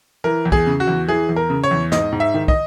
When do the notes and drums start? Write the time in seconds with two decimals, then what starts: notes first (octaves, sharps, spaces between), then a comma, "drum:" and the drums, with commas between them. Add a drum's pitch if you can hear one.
0.24 E3 A#4
0.45 E2
0.52 G#4, drum: kick
0.67 C#3
0.80 F#4
0.87 E2
1.08 E3 G#4
1.29 E2
1.36 A#4
1.50 C#3
1.64 C#5
1.71 E2
1.92 G#2 D#5, drum: snare
2.12 G#2
2.20 E5
2.34 D#3
2.48 D#5, drum: kick